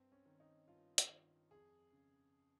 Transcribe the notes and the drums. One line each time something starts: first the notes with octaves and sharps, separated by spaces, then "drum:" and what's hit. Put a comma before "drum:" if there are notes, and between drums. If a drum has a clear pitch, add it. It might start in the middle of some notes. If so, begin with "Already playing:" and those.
Already playing: G2 C4
C#4
D#3
D#4
G2 F4
drum: hi-hat
D#3
F2 G#4
C#3